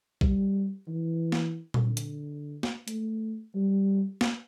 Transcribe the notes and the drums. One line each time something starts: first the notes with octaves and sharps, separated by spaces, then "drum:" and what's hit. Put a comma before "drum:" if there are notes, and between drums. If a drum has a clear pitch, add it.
G3, drum: kick A#1
E3
drum: snare
drum: tom A#2
D3
drum: hi-hat
drum: snare
A3, drum: hi-hat
G3
drum: snare